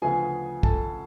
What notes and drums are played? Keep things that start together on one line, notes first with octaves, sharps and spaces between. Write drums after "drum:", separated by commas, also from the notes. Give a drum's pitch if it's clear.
D2 C#3 F3 B3 G#4 G#5
A4 A5, drum: kick